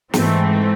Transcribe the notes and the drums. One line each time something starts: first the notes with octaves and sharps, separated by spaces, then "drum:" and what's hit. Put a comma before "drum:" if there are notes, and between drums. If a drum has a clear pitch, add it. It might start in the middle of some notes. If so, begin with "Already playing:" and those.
G#2 E3 A3 C4, drum: snare